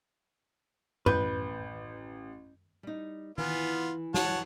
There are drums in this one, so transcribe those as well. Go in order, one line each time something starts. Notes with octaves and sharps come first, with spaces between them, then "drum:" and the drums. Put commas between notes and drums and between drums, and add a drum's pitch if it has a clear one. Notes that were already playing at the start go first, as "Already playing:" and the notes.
A1 B4 G6, drum: tom F#2
G3 D#4
E3 B3 F4, drum: tom D#3
C#5 F#5 A5, drum: snare